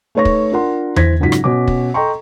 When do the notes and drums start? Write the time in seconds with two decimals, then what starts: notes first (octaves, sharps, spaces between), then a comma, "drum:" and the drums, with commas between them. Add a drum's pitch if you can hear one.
0.15 A3 D#4 B4 C#5 C#6 A#6
0.25 drum: kick
0.52 D4 F4 A#4 F#5 C6
0.96 E3 C5 G#6 A#6 B6, drum: tom E2
1.20 F#1 G#2 F#3 F4 B6
1.32 drum: rim click
1.44 B2 C#4 D6
1.68 drum: kick
1.94 A4 D#5 G5 A#5 C6 C#6